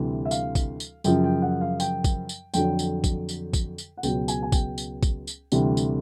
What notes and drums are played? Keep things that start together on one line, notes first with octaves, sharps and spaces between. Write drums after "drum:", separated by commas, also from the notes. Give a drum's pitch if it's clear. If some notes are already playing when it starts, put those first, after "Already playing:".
Already playing: D2 C3 E3 G3
E5
F5, drum: tambourine
drum: kick, tambourine
drum: tambourine
F#2 C#3 F3 G5, drum: tambourine
G5
F#5
F5
G5, drum: tambourine
drum: kick, tambourine
drum: tambourine
F2 D3 F#3 G5, drum: tambourine
drum: tambourine
drum: kick, tambourine
drum: tambourine
drum: kick, tambourine
drum: tambourine
F#5
C#2 B2 F#3 G5, drum: tambourine
G#5, drum: tambourine
G#5
G5, drum: kick, tambourine
drum: tambourine
drum: kick, tambourine
drum: tambourine
D2 C3 E3 G3, drum: tambourine
drum: tambourine